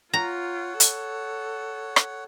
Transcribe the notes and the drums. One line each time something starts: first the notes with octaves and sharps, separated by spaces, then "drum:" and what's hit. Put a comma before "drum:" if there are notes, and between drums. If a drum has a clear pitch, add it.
F4 C#5 F#5 A#5
A4, drum: hi-hat
drum: rim click